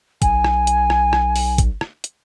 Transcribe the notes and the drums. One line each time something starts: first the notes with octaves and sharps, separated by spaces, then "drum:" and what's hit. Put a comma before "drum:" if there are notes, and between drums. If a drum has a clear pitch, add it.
B1 G#5, drum: kick, hi-hat
drum: rim click
drum: hi-hat
drum: rim click
drum: rim click
drum: open hi-hat
drum: kick, hi-hat
drum: rim click
drum: hi-hat